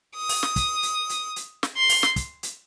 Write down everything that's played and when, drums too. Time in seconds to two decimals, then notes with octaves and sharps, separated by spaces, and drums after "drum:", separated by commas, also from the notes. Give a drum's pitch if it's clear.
0.16 D#6
0.29 drum: open hi-hat
0.43 drum: snare
0.56 drum: kick, hi-hat
0.83 drum: hi-hat
1.09 drum: hi-hat
1.36 drum: hi-hat
1.63 drum: snare
1.76 C6
1.90 drum: open hi-hat
2.03 drum: snare
2.16 drum: kick, hi-hat
2.43 drum: hi-hat